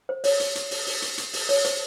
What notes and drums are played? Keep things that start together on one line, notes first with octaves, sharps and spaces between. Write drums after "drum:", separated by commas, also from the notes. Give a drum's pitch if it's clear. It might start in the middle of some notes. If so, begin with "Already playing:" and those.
C5
C#5, drum: open hi-hat
drum: hi-hat
drum: hi-hat
drum: open hi-hat
drum: open hi-hat
drum: hi-hat
drum: hi-hat
drum: open hi-hat
C#5, drum: open hi-hat
C5, drum: hi-hat